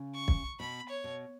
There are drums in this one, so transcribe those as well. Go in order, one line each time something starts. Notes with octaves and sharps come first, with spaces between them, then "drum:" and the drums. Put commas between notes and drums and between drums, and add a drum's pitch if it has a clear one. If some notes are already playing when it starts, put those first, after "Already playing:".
Already playing: C#3
C#6
drum: kick
B2 B5
C#5
B2